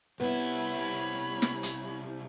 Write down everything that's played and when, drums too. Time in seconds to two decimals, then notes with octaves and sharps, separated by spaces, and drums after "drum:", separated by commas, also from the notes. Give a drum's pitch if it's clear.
0.20 C2 B3 E4 C#5 B5
1.42 drum: snare
1.63 drum: hi-hat